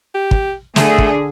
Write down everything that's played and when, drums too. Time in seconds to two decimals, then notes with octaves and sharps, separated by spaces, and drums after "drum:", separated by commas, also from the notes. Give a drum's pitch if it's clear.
0.15 G4
0.31 drum: kick
0.76 D3 A3 G#4, drum: snare
0.98 drum: kick